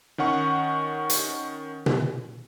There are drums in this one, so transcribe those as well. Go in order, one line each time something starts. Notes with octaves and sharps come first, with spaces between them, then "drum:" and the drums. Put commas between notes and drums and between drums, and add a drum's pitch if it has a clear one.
D#3 C#4 F#5 C#6
drum: hi-hat
drum: tom B2